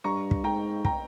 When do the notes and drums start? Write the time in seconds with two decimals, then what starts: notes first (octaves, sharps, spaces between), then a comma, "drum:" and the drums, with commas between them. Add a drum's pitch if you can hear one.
0.04 G2 A#5 C#6
0.31 drum: kick
0.44 G#2 G5 A#5
0.85 G5 A#5, drum: kick